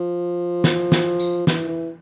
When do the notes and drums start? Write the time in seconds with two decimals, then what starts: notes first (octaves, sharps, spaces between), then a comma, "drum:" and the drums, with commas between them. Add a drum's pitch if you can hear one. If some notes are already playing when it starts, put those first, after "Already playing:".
Already playing: F3
0.64 drum: snare
0.92 drum: snare
1.20 drum: tambourine
1.47 E3, drum: snare
1.68 E3